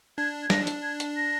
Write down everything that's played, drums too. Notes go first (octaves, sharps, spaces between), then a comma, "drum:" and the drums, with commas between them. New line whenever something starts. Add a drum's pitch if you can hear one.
D4 G#6
G#6
D4 A#6, drum: snare
drum: hi-hat
G#6
drum: hi-hat
A#6